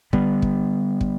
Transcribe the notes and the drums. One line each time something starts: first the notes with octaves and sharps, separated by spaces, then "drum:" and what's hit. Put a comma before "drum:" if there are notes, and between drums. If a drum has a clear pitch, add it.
D3 G3 B3, drum: kick
drum: kick
drum: kick